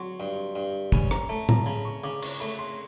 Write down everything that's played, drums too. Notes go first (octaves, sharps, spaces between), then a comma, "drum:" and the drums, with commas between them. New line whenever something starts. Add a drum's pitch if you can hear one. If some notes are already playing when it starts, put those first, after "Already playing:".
Already playing: F#3 C6 C#6
G2
G2
C#4 B5, drum: kick
A#5, drum: rim click
A3 A5
A#5, drum: tom A2
C#3 B5
C#6
C#3 D6
C#6, drum: cymbal
A3 B5
C6